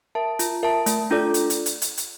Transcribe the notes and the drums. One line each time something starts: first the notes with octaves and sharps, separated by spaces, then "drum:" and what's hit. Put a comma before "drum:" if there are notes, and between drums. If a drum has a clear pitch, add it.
A#4 E5 A5
F4, drum: hi-hat
A#4 E5 A5
A3, drum: hi-hat
D4 F4 A4 D5
drum: hi-hat
drum: hi-hat
drum: hi-hat
drum: hi-hat
drum: hi-hat